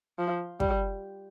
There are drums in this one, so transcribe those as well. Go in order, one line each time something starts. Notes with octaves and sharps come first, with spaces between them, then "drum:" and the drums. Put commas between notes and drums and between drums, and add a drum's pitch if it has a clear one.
F3
G3, drum: kick